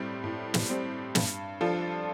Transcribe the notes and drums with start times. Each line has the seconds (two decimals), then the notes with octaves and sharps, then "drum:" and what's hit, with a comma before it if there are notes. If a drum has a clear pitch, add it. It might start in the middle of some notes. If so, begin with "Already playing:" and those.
Already playing: A2 G3 C4
0.24 A2
0.54 drum: snare
0.69 G3 C4
1.15 G2, drum: snare
1.61 F3 D4 F4 A4